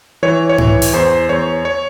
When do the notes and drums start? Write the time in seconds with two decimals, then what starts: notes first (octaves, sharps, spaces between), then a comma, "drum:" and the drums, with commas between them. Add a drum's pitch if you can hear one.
0.23 E3 C#5
0.49 C#5
0.58 E3, drum: tom G#2
0.82 drum: open hi-hat
0.93 E2 C5
1.29 E2 C#5
1.65 C#5